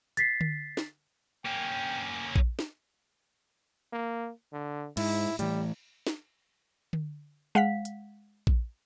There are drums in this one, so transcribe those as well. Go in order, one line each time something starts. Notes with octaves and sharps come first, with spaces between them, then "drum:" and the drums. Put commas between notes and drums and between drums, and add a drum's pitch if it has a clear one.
A6 B6 C7, drum: hi-hat
drum: tom D3
drum: snare
A#3 C#4 G5
drum: kick A#1
drum: snare
A#3
D3
G#2 E4, drum: cymbal
A2 E3 G3, drum: hi-hat
drum: snare
drum: tom D3
G#3 F5 F#5 B6
drum: hi-hat
drum: kick A#1